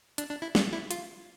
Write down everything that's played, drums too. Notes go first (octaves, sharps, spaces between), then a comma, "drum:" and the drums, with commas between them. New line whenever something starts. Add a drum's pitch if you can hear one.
D4, drum: hi-hat
D4
E4
D4, drum: snare
E4
F4, drum: hi-hat